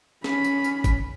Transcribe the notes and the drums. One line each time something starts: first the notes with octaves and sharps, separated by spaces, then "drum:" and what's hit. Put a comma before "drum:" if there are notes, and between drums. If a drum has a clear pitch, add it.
C#4 B5, drum: snare
drum: tambourine
drum: tambourine
drum: kick G1, tambourine